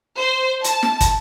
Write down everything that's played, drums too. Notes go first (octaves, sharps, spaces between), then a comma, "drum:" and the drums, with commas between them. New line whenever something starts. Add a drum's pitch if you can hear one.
C5
A5, drum: hi-hat
drum: snare
drum: kick, hi-hat